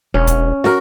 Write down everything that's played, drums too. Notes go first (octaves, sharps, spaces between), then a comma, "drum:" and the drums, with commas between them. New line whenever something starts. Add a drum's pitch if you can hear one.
E1 C#4
drum: kick C#1, hi-hat
F#4 A#4, drum: snare